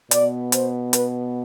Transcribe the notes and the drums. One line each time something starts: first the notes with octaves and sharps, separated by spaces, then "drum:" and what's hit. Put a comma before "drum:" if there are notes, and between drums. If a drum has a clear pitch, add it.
B2 B3 D5, drum: hi-hat
C5, drum: hi-hat
B4, drum: hi-hat